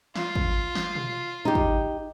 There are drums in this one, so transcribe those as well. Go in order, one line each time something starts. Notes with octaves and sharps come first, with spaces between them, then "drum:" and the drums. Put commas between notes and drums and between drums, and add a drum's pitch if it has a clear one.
F4, drum: snare
drum: kick
drum: snare
drum: tom B2
D#4 G4
drum: kick